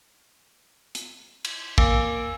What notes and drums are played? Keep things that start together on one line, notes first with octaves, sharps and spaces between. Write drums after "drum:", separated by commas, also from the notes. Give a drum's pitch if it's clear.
drum: hi-hat
drum: cymbal
F2 A#3 F5 G#5 D6 E6, drum: kick